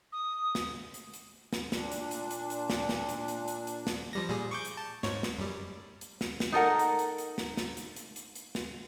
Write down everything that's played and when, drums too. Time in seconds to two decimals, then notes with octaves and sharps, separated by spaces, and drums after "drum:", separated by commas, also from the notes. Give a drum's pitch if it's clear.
0.12 D#6
0.55 drum: snare
0.94 drum: hi-hat
1.14 drum: hi-hat
1.53 drum: snare
1.72 A#2 D4, drum: snare
1.92 drum: hi-hat
2.11 drum: hi-hat
2.31 drum: hi-hat
2.50 drum: hi-hat
2.70 drum: snare
2.89 drum: snare
3.09 drum: hi-hat
3.28 drum: hi-hat
3.48 drum: hi-hat
3.67 drum: hi-hat
3.87 drum: snare
4.13 F3 G3 A#6
4.29 A#2 G3 G#4
4.51 C#6 D6 G6
4.65 drum: hi-hat
4.77 A5
5.03 G#2 C#5, drum: snare
5.23 drum: snare
5.38 F#2 G3
6.01 drum: hi-hat
6.21 drum: snare
6.40 drum: snare
6.52 D#4 A4 A#4 F#5
6.79 drum: hi-hat
6.99 drum: hi-hat
7.18 drum: hi-hat
7.38 drum: snare
7.57 drum: snare
7.77 drum: hi-hat
7.96 drum: hi-hat
8.16 drum: hi-hat
8.35 drum: hi-hat
8.55 drum: snare